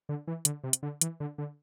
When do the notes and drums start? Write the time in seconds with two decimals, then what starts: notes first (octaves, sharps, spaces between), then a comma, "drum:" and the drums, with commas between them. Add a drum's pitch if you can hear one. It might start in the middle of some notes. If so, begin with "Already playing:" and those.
0.09 D3
0.27 E3
0.45 D3, drum: hi-hat
0.64 C3
0.73 drum: hi-hat
0.83 D3
1.01 E3, drum: hi-hat
1.20 D3
1.38 D3